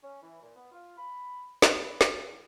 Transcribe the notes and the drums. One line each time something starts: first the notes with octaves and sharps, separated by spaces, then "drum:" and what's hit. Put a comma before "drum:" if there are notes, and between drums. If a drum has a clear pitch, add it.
C#4
E3
A#2
B3
F4
B5
B3, drum: snare
B4
D5, drum: snare
E2